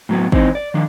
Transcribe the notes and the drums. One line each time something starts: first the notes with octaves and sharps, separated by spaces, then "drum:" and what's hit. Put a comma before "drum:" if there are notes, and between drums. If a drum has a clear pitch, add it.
A2 F#3 B3
E3 C4 C#4 D#4, drum: kick
D5
D#3 F3 D4